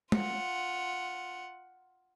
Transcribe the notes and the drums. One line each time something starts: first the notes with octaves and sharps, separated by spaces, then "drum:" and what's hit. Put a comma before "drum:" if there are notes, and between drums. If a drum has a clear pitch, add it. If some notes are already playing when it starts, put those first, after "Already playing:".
F4 F#5, drum: tom G#3